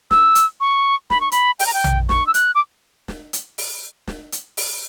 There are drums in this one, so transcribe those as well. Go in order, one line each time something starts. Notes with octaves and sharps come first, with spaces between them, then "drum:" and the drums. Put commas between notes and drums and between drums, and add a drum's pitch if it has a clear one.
E6, drum: snare
drum: hi-hat
C#6
B5, drum: snare
C#6
B5, drum: hi-hat
G5, drum: open hi-hat
A#5
G5
drum: tom A#1
C#6, drum: snare
E6
F#6, drum: hi-hat
D6
drum: snare
drum: hi-hat
drum: open hi-hat
drum: snare
drum: hi-hat
drum: open hi-hat